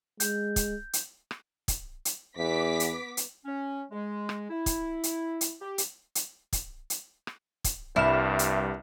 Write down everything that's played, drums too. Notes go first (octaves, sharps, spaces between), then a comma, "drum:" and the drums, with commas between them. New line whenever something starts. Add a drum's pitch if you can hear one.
G#3 G6, drum: hi-hat
drum: kick, hi-hat
drum: hi-hat
drum: rim click
drum: kick, hi-hat
drum: hi-hat
E2 B3 D6 B6
drum: hi-hat
drum: hi-hat
C#4
G#3
drum: rim click
E4
drum: kick, hi-hat
drum: hi-hat
drum: hi-hat
G4
drum: hi-hat
drum: hi-hat
drum: kick, hi-hat
drum: hi-hat
drum: rim click
drum: kick, hi-hat
C2 G2 E4 F6 E7
drum: hi-hat